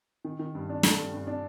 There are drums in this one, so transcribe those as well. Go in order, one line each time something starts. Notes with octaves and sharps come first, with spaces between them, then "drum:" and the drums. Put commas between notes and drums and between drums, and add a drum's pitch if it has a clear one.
D#3
D#3
G2
D4
A3, drum: snare
G2
G2
D4